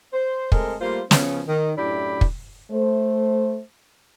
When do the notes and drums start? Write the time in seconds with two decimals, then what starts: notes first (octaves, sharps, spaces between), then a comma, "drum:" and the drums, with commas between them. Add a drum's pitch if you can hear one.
0.13 C5
0.52 G#3 A3 C4 A4 A#4, drum: kick
0.81 G3 A3 A#3 F4 C5 F5
1.11 C#3 F3 B3 C#4, drum: snare
1.47 D#3
1.77 F#2 A2 D4 E4 G4 B5
2.21 drum: kick
2.71 A3 C5